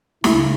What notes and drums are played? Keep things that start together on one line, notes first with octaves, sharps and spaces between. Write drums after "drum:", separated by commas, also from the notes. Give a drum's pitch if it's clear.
C#2 C#3 E4, drum: snare